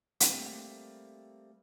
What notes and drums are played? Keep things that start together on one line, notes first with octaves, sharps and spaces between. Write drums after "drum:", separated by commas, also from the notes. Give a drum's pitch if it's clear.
G3 A3 A#3 C4, drum: hi-hat